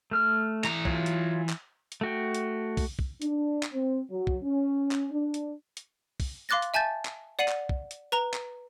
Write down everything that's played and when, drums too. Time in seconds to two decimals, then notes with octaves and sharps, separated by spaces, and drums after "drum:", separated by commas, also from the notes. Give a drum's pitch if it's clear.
0.11 A3 F6
0.64 E3 A#5, drum: clap
0.85 F#3 F4, drum: kick
1.06 drum: hi-hat
1.49 drum: clap
1.92 drum: hi-hat
2.01 A3 F#4 G5
2.35 drum: hi-hat
2.77 drum: kick, open hi-hat
2.99 drum: kick
3.22 D4, drum: hi-hat
3.63 drum: clap
3.73 C4
4.11 F#3
4.27 drum: kick
4.43 C#4
4.91 drum: clap
5.12 D4
5.34 drum: hi-hat
5.77 drum: hi-hat
6.20 drum: kick, open hi-hat
6.49 F5 C6 D6 F#6 A6 A#6
6.62 drum: hi-hat
6.74 E5 G#5 A5 G6 A6
7.05 drum: clap
7.39 D5 F#5 C7 D#7 F#7
7.48 drum: clap
7.69 drum: kick
7.91 drum: hi-hat
8.12 B4 A#5 F7
8.34 drum: clap